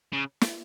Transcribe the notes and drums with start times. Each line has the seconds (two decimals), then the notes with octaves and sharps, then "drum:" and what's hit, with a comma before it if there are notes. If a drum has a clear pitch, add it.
0.13 C#3
0.41 drum: snare